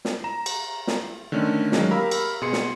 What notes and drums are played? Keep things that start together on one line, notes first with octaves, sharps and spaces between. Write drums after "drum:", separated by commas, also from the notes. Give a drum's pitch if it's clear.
drum: snare
A#5 E7
drum: cymbal
drum: snare
D3 D#3 A3 C#4
D#3 F#3 G#3 A#3 C#4, drum: snare
G4 A#4 F5 A#5 B5 E6
drum: cymbal
B2 G#4 C6 C#7
drum: snare